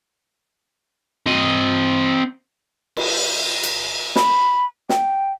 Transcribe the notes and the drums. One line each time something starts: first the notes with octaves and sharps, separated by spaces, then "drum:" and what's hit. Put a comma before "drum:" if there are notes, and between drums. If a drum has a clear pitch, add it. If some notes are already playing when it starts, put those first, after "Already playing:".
C4 D#5
drum: cymbal
drum: hi-hat
B5, drum: snare
G5, drum: snare